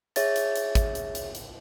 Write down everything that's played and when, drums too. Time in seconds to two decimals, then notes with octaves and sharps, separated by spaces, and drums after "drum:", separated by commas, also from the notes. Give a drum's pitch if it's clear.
0.16 G#4 C#5 E5 A6, drum: hi-hat
0.36 drum: hi-hat
0.56 drum: hi-hat
0.75 drum: kick, hi-hat
0.95 drum: hi-hat
1.15 drum: hi-hat
1.35 drum: hi-hat